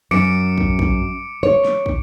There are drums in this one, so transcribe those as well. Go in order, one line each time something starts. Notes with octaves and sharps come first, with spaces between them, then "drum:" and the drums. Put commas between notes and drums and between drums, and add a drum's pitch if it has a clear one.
F#2 D6 C#7 D7
drum: kick
drum: kick
C#5
drum: snare
drum: kick